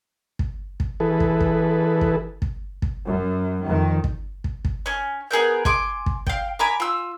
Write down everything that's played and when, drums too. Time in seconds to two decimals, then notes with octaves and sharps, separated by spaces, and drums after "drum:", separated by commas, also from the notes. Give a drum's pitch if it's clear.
0.39 drum: kick
0.80 drum: kick
1.00 E3 G#4 A4 B4
1.20 drum: kick
1.41 drum: kick
2.01 drum: kick
2.42 drum: kick
2.82 drum: kick
3.07 F#2
3.66 F2 D#3
4.04 drum: kick
4.44 drum: kick
4.65 drum: kick
4.86 C#4 G#5
5.31 B3 G#4 A#4 G6
5.65 G#5 C6 D6, drum: kick
6.06 drum: kick
6.27 F5 G5, drum: kick
6.59 G#5 A#5 B5 D6
6.80 F4 E6